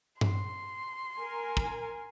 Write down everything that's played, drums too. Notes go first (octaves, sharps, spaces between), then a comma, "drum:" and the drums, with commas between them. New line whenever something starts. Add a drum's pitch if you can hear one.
C6, drum: tom G2
A#4 G#5
drum: kick